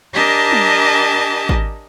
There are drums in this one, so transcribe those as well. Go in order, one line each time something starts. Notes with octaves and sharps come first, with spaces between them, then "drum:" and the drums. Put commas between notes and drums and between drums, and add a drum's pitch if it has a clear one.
D4 G4 A#4 D#5 G#5 A5
drum: tom
drum: kick G#1